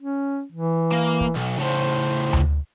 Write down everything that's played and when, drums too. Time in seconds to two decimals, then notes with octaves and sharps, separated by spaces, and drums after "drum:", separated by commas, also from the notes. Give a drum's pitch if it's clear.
0.01 C#4
0.52 E3
0.92 A#3
1.21 drum: kick
1.36 B1
1.59 A2 C#3 C5
2.33 drum: tom D2